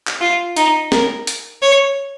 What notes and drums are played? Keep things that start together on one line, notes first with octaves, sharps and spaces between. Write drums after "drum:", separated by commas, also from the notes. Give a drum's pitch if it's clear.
drum: clap
F4
D#4, drum: hi-hat
A#4, drum: snare
drum: hi-hat
C#5